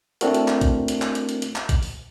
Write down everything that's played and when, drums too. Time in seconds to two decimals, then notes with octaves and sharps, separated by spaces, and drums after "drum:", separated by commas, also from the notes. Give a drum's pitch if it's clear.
0.21 A3 C4 D4 E4 F#4 A#4, drum: hi-hat
0.34 drum: hi-hat
0.48 drum: clap
0.61 drum: kick A1, hi-hat
0.88 drum: hi-hat
1.02 drum: clap
1.15 drum: hi-hat
1.29 drum: hi-hat
1.42 drum: hi-hat
1.56 drum: clap
1.69 drum: kick A1, hi-hat
1.83 drum: open hi-hat